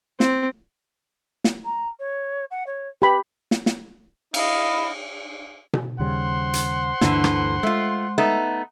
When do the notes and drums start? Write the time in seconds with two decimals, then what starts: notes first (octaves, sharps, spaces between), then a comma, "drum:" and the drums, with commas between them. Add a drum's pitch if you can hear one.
0.20 C4, drum: snare
1.44 drum: snare
1.65 A#5
2.00 C#5
2.51 F#5
2.67 C#5
3.02 G4 B4 B5
3.51 drum: snare
3.66 drum: snare
4.34 E4 D#5 F5, drum: cymbal
5.73 drum: tom B2
6.00 D#2 C#3 G3 C5 F#5 C6
6.53 drum: hi-hat
7.01 D2 G2 D3 E3 D4, drum: snare
7.24 drum: rim click
7.63 G#3 A3 F4
8.18 A3 B3 D#4